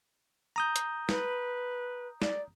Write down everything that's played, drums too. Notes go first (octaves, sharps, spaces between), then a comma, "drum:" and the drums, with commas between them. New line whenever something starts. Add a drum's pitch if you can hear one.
A#5 D#6 G6
drum: hi-hat
B4, drum: snare
D5, drum: snare